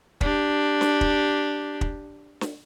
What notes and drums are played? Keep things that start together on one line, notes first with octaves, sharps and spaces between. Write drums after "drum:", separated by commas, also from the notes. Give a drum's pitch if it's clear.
D4 G4, drum: kick
drum: snare
drum: kick
drum: kick
drum: snare